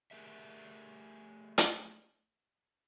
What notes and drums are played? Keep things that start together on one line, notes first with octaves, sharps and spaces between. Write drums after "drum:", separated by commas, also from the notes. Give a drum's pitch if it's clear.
A3 G4 G#4 A#4 E5
drum: hi-hat